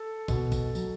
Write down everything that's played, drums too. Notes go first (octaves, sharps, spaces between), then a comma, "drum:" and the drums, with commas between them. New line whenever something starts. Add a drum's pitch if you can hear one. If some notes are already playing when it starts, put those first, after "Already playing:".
Already playing: A4
B2, drum: kick, tambourine
drum: kick, tambourine
F#3, drum: tambourine